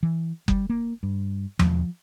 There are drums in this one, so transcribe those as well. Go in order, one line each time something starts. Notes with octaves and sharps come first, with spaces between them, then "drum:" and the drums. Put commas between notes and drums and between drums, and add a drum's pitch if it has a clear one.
E3
G3, drum: kick F#1
A#3
G2
F3, drum: tom E2